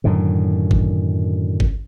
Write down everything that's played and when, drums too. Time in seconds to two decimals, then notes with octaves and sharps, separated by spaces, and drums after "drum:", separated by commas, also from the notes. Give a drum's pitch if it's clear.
0.04 F#2 A2 D3 D#3
0.71 drum: kick G#1
1.60 drum: kick G#1